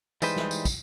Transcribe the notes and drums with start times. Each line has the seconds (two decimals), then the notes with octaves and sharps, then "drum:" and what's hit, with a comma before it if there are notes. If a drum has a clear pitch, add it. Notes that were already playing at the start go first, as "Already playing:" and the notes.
0.22 E3 G3 G#3 D#4 B4 C5, drum: tambourine
0.36 drum: snare
0.51 drum: tambourine
0.65 drum: kick, tambourine